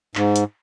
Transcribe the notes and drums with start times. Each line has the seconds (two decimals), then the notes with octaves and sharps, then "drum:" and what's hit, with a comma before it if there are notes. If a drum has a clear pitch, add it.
0.15 G#2, drum: clap
0.36 drum: hi-hat